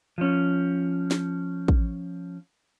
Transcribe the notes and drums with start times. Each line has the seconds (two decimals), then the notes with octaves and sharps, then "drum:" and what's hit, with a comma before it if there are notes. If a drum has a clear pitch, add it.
0.18 F3 C#4
1.11 drum: snare
1.68 drum: kick